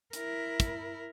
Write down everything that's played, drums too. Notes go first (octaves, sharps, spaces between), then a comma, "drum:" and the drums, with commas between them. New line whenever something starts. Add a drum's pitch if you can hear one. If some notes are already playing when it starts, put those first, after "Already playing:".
E4 A#4, drum: hi-hat
drum: kick, hi-hat